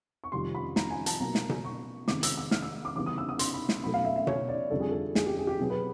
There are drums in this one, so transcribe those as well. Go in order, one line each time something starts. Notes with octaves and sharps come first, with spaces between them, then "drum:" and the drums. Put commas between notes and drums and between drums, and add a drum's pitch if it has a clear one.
C#6
F2 C3 D#3 G3 C6
B5
A#5, drum: snare
G#5
A5, drum: hi-hat
B2 F#3 A#3 A#5
drum: snare
drum: tom B2
C#6
C3 D#3 G#3 B3 D6, drum: snare
E6, drum: hi-hat
E6
F6, drum: snare
E6
D6
C#3 E3 G3 B3 D6
D#6
E6
D#6
C6, drum: hi-hat
B5
drum: snare
B2 F#3 A3 B5
F5
E5
E5
C#5, drum: tom B2
D5
F2 D3 G3 A4
G#4
A4
G#4, drum: snare
G4
G#4
G4
B2 F#3 B3 G#4
B4